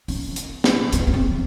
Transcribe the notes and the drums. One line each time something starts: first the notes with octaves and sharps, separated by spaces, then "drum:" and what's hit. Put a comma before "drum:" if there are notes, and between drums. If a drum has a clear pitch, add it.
C#4, drum: open hi-hat
drum: hi-hat
drum: snare
C#4, drum: hi-hat
A3
C4